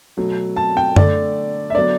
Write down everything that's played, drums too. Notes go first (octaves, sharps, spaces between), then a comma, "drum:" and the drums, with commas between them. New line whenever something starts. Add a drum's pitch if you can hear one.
B2 F#3 A3
A5
G5
D3 A3 D5, drum: tom F#2
E5
D3 F#3 B3 D5